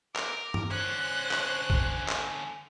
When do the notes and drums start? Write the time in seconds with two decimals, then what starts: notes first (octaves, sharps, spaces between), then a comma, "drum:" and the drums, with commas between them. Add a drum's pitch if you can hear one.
0.16 A#4 D6, drum: clap
0.54 drum: tom
0.71 D3 C#4 C5 F#6
1.31 drum: clap
1.70 drum: kick A#1
2.08 drum: clap